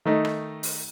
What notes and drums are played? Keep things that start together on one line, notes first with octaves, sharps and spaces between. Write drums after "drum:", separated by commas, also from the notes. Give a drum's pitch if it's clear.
D#3 A3 D#4
drum: rim click
drum: open hi-hat